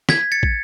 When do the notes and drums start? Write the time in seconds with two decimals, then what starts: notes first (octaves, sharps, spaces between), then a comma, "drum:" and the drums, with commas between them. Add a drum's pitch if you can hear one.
0.09 G#6 B6, drum: snare
0.32 A6 C#7
0.43 drum: kick